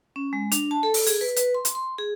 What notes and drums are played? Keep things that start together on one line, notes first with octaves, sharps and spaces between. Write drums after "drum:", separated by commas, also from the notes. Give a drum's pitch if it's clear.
C#4
G#3
D4, drum: hi-hat
A5
A4
drum: open hi-hat
G#4, drum: hi-hat
B4
B4, drum: hi-hat
C6
drum: hi-hat
C6
G#4